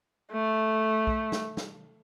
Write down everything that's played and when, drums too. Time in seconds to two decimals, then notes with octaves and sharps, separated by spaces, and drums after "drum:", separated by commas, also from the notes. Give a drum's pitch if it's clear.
0.32 A3
1.07 drum: kick
1.32 drum: snare
1.57 drum: snare